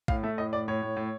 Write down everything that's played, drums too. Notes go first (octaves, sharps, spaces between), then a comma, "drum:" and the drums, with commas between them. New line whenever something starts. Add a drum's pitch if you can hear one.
A2 F5, drum: kick
A3 E5
A2 D#5
A2 D5
A2 C#5
A2
A2